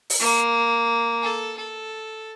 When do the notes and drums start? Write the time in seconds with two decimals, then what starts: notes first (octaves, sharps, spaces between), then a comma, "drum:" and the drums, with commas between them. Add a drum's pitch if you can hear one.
0.10 drum: open hi-hat
0.19 A#3
1.21 A4
1.57 A4